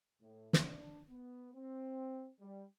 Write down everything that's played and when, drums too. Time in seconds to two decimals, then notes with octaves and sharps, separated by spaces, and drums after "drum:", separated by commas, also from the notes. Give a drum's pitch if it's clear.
0.21 A2
0.53 drum: snare
0.65 D4
1.09 B3
1.54 C4
2.40 G3